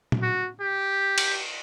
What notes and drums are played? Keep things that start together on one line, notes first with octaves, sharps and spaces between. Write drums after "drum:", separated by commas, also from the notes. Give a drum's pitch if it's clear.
drum: tom A#2
F#4
G4
drum: cymbal